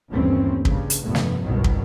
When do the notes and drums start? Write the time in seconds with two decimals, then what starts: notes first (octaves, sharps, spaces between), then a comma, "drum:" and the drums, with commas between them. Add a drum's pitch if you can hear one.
0.10 G1 D#2 E3 A3 C4 C#4
0.65 G2 C#3, drum: kick
0.90 drum: hi-hat
1.03 F1 G2 A#2 A3 B3
1.15 drum: snare
1.43 G1 C2 G#2 B2 D#3 F#3
1.64 drum: kick